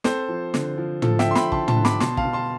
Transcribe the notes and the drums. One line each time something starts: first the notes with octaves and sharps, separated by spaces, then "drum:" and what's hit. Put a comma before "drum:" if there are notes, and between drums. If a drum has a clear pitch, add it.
C4 A4 C5, drum: snare
F3
D3, drum: snare
F3
F3 A4, drum: tom
E5 G5, drum: snare
D3 C6
G5 B5, drum: snare
D3 A5 C6, drum: kick
A5 C6, drum: tom
D3
B5 D6, drum: snare
B2 A5 C6, drum: snare
F5 A5, drum: kick
B2
A5 C6